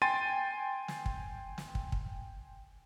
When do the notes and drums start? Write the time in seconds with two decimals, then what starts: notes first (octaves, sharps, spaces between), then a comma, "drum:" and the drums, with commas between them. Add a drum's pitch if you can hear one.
0.02 G5 G#5 C6 A6 D#7
0.88 drum: snare
1.06 drum: kick
1.58 drum: snare
1.75 drum: kick
1.92 drum: kick